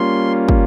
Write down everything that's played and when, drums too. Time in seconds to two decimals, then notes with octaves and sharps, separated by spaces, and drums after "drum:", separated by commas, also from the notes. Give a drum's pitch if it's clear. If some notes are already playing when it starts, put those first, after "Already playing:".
Already playing: G3 A#3 C#4 F4 C6
0.49 drum: kick